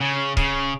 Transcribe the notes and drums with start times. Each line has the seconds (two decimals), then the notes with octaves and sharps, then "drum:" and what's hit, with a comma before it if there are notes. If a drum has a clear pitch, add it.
0.01 C#3
0.37 C#3, drum: kick